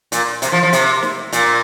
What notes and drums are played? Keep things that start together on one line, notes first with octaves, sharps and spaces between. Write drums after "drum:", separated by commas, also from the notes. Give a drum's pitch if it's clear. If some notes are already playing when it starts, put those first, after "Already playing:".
A#2, drum: hi-hat
C3, drum: hi-hat
F3
F3
C3, drum: hi-hat
drum: snare
A#2, drum: hi-hat